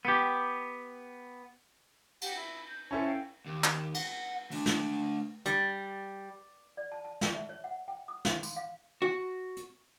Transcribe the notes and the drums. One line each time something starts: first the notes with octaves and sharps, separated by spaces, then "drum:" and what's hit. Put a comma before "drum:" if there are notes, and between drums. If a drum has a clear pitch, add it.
B3 G4
G4 F#5 G5, drum: cymbal
E4
G6
C#4 E4 A4 C5 G#5 F6
F5 G5
D#2
drum: clap
F#5, drum: cymbal
A3 D4, drum: open hi-hat
drum: snare
G3, drum: hi-hat
D5
A5
A5
G5, drum: snare
E5
C#5
F#5
G5
D#6
F5, drum: snare
C6, drum: tambourine
F5
F#4
drum: hi-hat